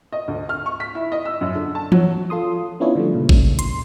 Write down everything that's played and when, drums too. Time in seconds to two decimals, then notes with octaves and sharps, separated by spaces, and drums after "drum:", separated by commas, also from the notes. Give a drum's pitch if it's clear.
0.13 D#5
0.28 D2
0.49 F6
0.66 C#6
0.80 B6
0.95 E4
1.12 D#5
1.25 E6
1.41 F#2
1.55 D3
1.75 A5
1.92 F#3, drum: tom E3
2.30 F4 A4 C6 D#6
2.80 B3 C#4 D4 E4 F4 C#5
2.95 D3 F3 G3 A3
3.14 A#2 C#3
3.29 drum: kick A1
3.59 C6, drum: hi-hat